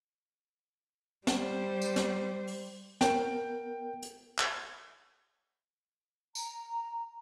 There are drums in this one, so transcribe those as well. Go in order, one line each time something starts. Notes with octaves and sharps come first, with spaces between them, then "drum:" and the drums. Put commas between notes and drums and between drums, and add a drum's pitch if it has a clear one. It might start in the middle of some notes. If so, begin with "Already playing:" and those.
G3 C5, drum: snare
drum: tambourine
drum: snare
drum: open hi-hat
B3 A#4 G5, drum: snare
drum: hi-hat
drum: clap
A#5, drum: tambourine